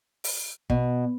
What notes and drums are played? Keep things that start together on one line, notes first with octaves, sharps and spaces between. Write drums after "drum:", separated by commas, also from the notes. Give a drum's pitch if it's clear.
drum: open hi-hat
B2, drum: kick